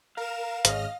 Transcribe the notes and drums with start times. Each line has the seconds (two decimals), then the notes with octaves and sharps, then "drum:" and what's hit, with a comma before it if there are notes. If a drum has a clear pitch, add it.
0.17 A#4 F5 E7
0.65 G#1 G#3 C#4 D#5 F6 A#6, drum: hi-hat